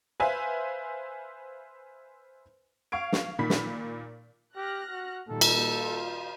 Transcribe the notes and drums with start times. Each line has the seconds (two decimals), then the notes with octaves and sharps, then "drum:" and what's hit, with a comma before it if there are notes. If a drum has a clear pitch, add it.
0.20 B4 C5 E5 F5 G#5
2.92 F5 C#6 G#6 D7
3.12 drum: snare
3.39 A#2 D#3 B5 B6
3.50 drum: snare
4.56 G4 F6 F#6 A#6
4.90 F#4
5.29 A#2 D#3 G3 A4
5.41 drum: cymbal
5.74 F4